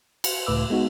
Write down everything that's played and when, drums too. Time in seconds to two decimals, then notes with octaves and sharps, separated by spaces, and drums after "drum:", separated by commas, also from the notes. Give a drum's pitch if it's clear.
0.24 C#7, drum: cymbal
0.47 C#2 A2 B4 D6 E6
0.70 G#3 B3 D#4 F#4